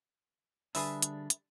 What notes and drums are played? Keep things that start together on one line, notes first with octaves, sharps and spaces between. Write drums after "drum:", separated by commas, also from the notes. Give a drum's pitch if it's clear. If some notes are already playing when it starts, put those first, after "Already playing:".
D3 G3 D4 G#4 B4 E5, drum: open hi-hat
drum: hi-hat
drum: hi-hat